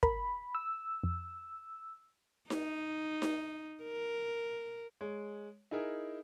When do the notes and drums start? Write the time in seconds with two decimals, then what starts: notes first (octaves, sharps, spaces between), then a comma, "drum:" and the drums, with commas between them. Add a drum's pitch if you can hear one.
0.03 A#4 B5, drum: kick
0.55 E6
1.04 F2
2.50 D#4, drum: snare D#4
3.22 drum: snare D#4
3.84 A#4
5.01 G#3 C#5
5.71 D#4 E4 G#4 A#4 E5